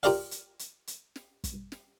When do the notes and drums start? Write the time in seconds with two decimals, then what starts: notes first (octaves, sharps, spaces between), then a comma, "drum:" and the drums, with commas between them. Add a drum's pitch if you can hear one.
0.03 F4 G4 A#4 D5 D#5 F5, drum: open hi-hat
0.31 drum: hi-hat
0.59 drum: hi-hat
0.87 drum: hi-hat
1.16 drum: snare
1.44 drum: kick, hi-hat
1.72 drum: snare